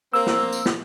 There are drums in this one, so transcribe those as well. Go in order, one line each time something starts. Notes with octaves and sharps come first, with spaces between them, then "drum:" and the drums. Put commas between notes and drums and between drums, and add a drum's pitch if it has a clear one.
A#3 C4 E6
drum: snare
drum: tambourine
drum: snare